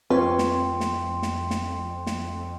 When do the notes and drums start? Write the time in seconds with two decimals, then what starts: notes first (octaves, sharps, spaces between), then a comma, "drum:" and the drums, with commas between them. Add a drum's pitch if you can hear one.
0.10 F2 C4 F4 B4 C#5 G5 C6
0.38 drum: snare
0.80 drum: snare
1.22 drum: snare
1.50 drum: snare
2.07 drum: snare